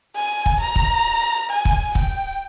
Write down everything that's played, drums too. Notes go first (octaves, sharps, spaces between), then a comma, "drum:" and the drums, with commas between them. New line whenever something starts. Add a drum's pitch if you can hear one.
G#5
drum: kick
A#5
drum: kick
G#5
drum: kick
G5, drum: kick